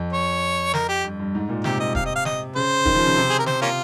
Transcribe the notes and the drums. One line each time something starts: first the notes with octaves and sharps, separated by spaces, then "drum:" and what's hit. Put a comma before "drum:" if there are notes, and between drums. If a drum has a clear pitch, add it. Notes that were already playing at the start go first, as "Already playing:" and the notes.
Already playing: F2
C#5
A#4, drum: snare
G4
G2
G2
G#2
A#2
C3 G4, drum: snare
D#5
F5, drum: kick
D#5
F5
D#5, drum: snare
C#3 C5
D#3, drum: kick
F3
C#3
C3
G#4
A#4
C5, drum: snare
A#3 C#4 F4